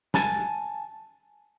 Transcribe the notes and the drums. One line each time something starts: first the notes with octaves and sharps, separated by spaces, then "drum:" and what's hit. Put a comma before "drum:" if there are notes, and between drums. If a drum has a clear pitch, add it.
G#5 A5, drum: snare